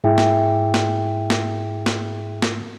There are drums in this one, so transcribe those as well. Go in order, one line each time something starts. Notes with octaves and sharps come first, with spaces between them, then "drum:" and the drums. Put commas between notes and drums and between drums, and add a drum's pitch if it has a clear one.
G#2 E4 G#4 E5 G5
drum: snare
drum: snare
drum: snare
drum: snare
drum: snare